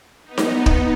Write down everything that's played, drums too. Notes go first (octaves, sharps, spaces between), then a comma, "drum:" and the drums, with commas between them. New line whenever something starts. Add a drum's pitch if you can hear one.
B3 D#4
drum: snare D#4
drum: kick